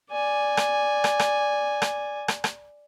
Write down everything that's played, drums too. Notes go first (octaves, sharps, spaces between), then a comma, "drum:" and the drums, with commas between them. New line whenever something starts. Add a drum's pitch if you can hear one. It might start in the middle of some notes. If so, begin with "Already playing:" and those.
D5 G#5
drum: rim click
drum: rim click
drum: rim click
drum: rim click
drum: rim click
drum: rim click